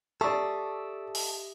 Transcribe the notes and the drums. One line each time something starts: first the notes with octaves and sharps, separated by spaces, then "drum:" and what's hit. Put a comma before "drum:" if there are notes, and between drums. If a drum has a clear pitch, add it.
G4 A4 D5 E5 C#6 D#6
drum: open hi-hat